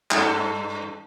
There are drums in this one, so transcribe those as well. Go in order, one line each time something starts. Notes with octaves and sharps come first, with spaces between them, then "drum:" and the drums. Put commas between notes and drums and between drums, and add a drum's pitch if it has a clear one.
G2 A4, drum: clap